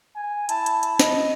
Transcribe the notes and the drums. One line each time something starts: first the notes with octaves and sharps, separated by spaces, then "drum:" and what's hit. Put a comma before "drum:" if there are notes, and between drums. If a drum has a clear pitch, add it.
G#5
E4 A5, drum: hi-hat
drum: hi-hat
drum: hi-hat
D#5, drum: snare